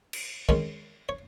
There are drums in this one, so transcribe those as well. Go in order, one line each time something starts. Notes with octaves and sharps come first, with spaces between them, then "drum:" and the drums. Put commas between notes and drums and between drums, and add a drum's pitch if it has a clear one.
drum: cymbal
D#3 G#3 C#4, drum: kick
C#5